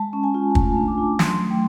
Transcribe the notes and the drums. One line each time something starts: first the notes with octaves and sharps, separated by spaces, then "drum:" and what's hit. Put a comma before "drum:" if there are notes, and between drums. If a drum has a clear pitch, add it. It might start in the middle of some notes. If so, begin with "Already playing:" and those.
Already playing: G#3 A5
C#4
G#5
F4
G#5
A3 A5, drum: kick
D4
D6
F4
F#3 C6, drum: snare
A3
G5